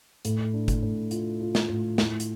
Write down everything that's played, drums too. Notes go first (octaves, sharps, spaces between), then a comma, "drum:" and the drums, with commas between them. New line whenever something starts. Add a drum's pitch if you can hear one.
A2, drum: hi-hat
D4
drum: kick G1, hi-hat
A2
F4, drum: hi-hat
F4
drum: snare
A2
E4, drum: snare
drum: hi-hat